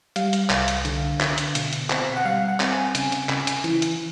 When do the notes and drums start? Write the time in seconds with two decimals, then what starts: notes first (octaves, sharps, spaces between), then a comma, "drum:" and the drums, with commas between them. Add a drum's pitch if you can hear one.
0.16 G3 F5, drum: hi-hat
0.33 drum: hi-hat
0.50 C2, drum: clap
0.68 drum: hi-hat
0.85 D3, drum: hi-hat
1.21 D3, drum: clap
1.38 drum: hi-hat
1.55 B2, drum: hi-hat
1.73 drum: hi-hat
1.90 C4, drum: clap
2.16 F#5
2.25 G3 F5
2.48 F#5
2.60 C4, drum: clap
2.72 G#5
2.95 C#3, drum: hi-hat
3.12 drum: hi-hat
3.29 C#3, drum: clap
3.47 drum: hi-hat
3.64 E3, drum: hi-hat
3.82 drum: hi-hat